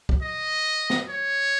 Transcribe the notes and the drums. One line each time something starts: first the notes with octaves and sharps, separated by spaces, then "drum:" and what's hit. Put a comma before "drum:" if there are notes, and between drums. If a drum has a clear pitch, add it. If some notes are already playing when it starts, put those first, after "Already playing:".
drum: kick
D#5
drum: snare
C#5